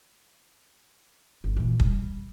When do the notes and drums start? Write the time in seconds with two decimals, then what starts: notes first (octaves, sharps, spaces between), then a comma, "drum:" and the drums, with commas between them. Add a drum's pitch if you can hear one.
1.44 G1
1.57 A#2 E3
1.80 G3, drum: kick